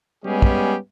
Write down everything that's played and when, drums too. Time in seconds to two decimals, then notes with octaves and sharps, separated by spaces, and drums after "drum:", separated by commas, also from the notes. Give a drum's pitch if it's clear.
0.25 G3 G#3 B3 C#4 G4 G#4
0.42 drum: kick